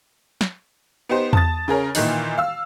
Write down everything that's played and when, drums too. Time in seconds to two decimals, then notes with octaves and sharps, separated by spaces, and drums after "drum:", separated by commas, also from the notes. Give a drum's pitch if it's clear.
0.41 drum: snare
1.09 B3 D#4 G4 C5
1.33 A5 D#6 A6, drum: tom E2
1.68 C#3 G#4 A#4 C#5
1.95 A#2 D#3 E3 D#4, drum: open hi-hat
2.38 F5 E6